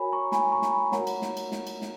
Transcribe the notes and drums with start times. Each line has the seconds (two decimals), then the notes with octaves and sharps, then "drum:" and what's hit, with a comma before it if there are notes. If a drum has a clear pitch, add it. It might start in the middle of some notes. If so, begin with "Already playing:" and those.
Already playing: F#4 A#4 C#5 G#5 B5
0.12 A#5 C#6
0.32 G#5 B5, drum: snare
0.52 A#5 C#6
0.62 drum: snare
0.72 G#5 B5
0.92 F#4 A#4 C#5 F#5 A#5, drum: snare
1.07 drum: cymbal
1.22 drum: snare
1.37 drum: cymbal
1.52 drum: snare
1.67 drum: cymbal
1.82 drum: snare